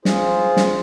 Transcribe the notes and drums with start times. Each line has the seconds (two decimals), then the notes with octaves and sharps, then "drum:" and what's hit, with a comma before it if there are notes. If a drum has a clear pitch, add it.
0.05 F4 G#4 C5, drum: snare
0.57 drum: snare